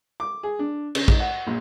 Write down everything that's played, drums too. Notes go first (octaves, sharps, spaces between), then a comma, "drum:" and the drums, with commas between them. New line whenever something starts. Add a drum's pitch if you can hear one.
D6
G#4
D4
C#3, drum: cymbal
G#2, drum: kick
F#5
A#1